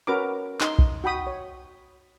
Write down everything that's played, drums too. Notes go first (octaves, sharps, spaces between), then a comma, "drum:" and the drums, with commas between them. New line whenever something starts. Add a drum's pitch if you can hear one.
C#4 F#4 A#4 B4 A#5 D6
D#4 C6, drum: clap
drum: kick B1
F#4 G5 B5 D#6
C#5